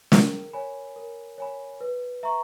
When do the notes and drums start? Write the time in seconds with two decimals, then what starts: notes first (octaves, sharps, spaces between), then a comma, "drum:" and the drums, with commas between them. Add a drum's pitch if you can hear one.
0.12 A#4, drum: snare
0.53 C#5 G#5 B5
0.96 A#4
1.38 C#5 G#5 B5
1.81 B4
2.23 E5 A#5 C#6